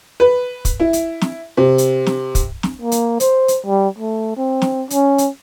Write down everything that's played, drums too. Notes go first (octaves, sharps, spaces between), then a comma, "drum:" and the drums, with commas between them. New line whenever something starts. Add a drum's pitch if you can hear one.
B4
drum: kick, hi-hat
E4
drum: hi-hat
drum: snare
C3
drum: hi-hat
drum: snare
drum: kick, hi-hat
drum: snare
A#3
drum: hi-hat
C5, drum: hi-hat
drum: hi-hat
G3
A3
C4
drum: snare
C#4, drum: hi-hat
drum: hi-hat